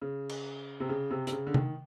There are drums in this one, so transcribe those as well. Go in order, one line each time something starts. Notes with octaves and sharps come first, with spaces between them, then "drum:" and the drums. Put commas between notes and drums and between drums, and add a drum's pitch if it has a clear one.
C#3
drum: cymbal
C3
C#3
C3
C3, drum: hi-hat
C#3
D3
D#3, drum: tom C3